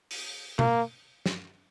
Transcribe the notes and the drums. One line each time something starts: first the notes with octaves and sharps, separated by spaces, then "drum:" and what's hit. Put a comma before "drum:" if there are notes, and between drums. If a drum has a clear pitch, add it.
drum: open hi-hat
A#3, drum: tom B2
drum: snare